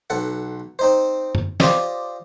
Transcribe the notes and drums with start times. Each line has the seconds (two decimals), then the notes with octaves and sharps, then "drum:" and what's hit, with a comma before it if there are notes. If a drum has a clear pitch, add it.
0.10 B1 A4 F#5
0.79 C4 D#4 C5
1.35 drum: tom
1.60 F4 G4 C5 D5 D#5, drum: snare